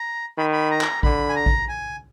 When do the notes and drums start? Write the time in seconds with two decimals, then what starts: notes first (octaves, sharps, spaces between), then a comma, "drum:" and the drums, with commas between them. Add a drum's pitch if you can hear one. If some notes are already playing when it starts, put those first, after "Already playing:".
Already playing: A#5
0.38 D#3 B5
0.52 B5
0.71 A#5
0.81 drum: clap
1.03 D3 B5, drum: kick A1
1.29 G#5
1.36 A#5
1.46 drum: kick A1
1.68 G#5